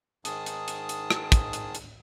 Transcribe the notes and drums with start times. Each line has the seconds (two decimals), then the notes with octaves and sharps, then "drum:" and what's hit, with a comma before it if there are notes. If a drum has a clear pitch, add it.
0.25 G#2 D#3 G#4 A5 D#6, drum: hi-hat
0.46 drum: hi-hat
0.68 drum: hi-hat
0.89 drum: hi-hat
1.10 drum: rim click
1.32 drum: kick, hi-hat
1.53 drum: hi-hat
1.75 drum: hi-hat